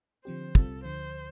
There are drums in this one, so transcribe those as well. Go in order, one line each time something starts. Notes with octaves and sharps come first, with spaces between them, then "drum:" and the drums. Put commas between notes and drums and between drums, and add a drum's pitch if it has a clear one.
D3 F3 C4 G4 C5
C2 C3 G3 C4 F4 A4, drum: kick
D2 D3 F3 C5